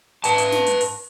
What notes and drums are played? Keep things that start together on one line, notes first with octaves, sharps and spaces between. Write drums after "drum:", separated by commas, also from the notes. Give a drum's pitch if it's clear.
B4 A5, drum: hi-hat
drum: hi-hat
drum: snare
drum: hi-hat
drum: open hi-hat